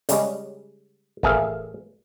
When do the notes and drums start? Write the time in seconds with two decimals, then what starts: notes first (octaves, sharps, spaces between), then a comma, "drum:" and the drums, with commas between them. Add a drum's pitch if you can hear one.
0.09 C#3 G3 G#3, drum: hi-hat
1.23 A1 A#3 G#4 E5 F5, drum: kick